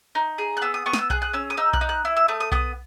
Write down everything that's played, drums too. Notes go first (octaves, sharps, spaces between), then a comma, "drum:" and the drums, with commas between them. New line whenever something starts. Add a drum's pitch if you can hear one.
D#4
G#4
F#6
B3 E6
D#6
B3 C#6
D#6, drum: snare
E6
G#4 F#6, drum: kick B1
F#6
C#4 E6
D#6
D#4 E6
F#6, drum: kick B1
D#4
F#6
E4 E6
E6
A3 D#6
D#6
B3 D#6, drum: kick B1